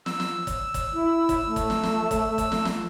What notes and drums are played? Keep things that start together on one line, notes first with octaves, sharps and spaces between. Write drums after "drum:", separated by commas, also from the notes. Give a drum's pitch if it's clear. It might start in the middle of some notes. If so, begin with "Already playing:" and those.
E6, drum: snare
drum: snare
drum: kick G1, hi-hat
drum: kick G1, hi-hat
E4
drum: kick G1, hi-hat
A3
drum: kick G1, hi-hat
drum: snare
drum: snare
drum: kick G1, hi-hat
drum: kick G1, hi-hat
drum: snare
drum: snare